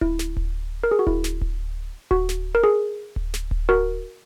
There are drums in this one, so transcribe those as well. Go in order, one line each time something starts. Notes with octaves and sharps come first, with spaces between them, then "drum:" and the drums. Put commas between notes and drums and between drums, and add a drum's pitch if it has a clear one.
E4, drum: kick D1
drum: snare
drum: kick D1
A#4
G#4
F#4
E4, drum: kick D1
drum: snare
drum: kick D1
F#4, drum: kick D1
drum: snare
A#4
G#4
drum: kick D1
drum: snare
drum: kick D1
F#4 A#4